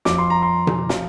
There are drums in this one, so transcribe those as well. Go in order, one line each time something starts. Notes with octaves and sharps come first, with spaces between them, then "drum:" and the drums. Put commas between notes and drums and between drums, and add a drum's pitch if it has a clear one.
F2 F3 D6, drum: snare
C6
A#5
C6
drum: tom B2
F3, drum: snare